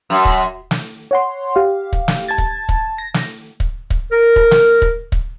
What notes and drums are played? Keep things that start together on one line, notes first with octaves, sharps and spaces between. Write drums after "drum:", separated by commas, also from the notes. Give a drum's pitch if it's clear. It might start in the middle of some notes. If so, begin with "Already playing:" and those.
F#2
drum: kick
drum: snare
C#5 F#5 C6
G4 F5
drum: kick
drum: snare
A5 G#6 A6
drum: kick
drum: kick
A#6
drum: snare
drum: kick
drum: kick
A#4
drum: kick
drum: snare
drum: kick
drum: kick